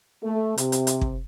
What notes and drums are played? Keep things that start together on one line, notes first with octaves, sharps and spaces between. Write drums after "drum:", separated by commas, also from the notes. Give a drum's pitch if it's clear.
A3
C3, drum: hi-hat
drum: hi-hat
drum: hi-hat
drum: kick